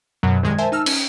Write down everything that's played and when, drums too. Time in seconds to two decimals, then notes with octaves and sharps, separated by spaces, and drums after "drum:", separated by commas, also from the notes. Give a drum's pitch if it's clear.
0.23 F#2 B2 F#3
0.43 C2 G#2 D#3 G#3 G#6
0.58 A#4 C5 E5 G#5 A5
0.72 D#4 A5 E6 F6
0.86 C#4 D#7, drum: cymbal